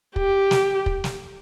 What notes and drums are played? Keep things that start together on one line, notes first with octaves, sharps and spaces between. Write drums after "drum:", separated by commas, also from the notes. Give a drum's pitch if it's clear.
G4, drum: kick
drum: snare
drum: kick
drum: snare